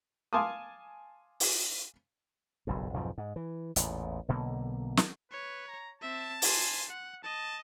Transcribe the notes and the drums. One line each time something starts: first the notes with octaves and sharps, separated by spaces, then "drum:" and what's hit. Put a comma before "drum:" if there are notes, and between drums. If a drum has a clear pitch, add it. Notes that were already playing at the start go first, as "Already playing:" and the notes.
F5 G#5 A5 C6 D6 D#6
drum: open hi-hat
F#1 B1 G2
B1 F2 G#2 F3
G#2
E3
A1 E2 A#2, drum: hi-hat
B1 B2 D3 A#3
drum: snare
B4 C#5
A#5
C4 E5 A5
G#5 C6, drum: open hi-hat
F#5
D#5 A5